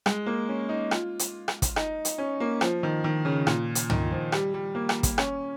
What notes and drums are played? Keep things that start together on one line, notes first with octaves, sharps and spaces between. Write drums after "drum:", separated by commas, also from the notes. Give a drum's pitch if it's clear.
G#3, drum: rim click
A#3
C#4
D#4
F4, drum: rim click
drum: hi-hat
drum: rim click
drum: kick, hi-hat
D#4, drum: rim click
drum: hi-hat
C#4
A#3
F3, drum: rim click
D#3
D#3
C#3
A#2, drum: rim click
drum: hi-hat
D#3, drum: tom
F3
G3, drum: rim click
G3
A#3
drum: rim click
drum: kick, hi-hat
C#4, drum: rim click